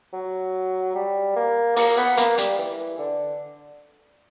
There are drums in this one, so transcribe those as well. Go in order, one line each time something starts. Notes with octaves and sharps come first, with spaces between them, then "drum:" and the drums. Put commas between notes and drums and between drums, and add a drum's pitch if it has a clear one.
F#3
G3
A#3
A#3, drum: open hi-hat
B3
A#3, drum: hi-hat
G3, drum: hi-hat
E3
D3